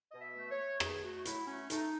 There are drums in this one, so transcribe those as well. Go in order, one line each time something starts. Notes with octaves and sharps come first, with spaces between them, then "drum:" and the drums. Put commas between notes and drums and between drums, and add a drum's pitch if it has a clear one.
B2 D#5
E5
A3
C#5
A3
B2 G#4, drum: rim click
A3 F#4
F#3 E4, drum: hi-hat
A3 C#4
A3 D#4, drum: hi-hat